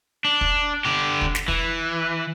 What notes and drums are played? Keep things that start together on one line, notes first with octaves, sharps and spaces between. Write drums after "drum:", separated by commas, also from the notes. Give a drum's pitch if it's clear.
D4
drum: kick
D3 G4
drum: kick
drum: snare
E3, drum: kick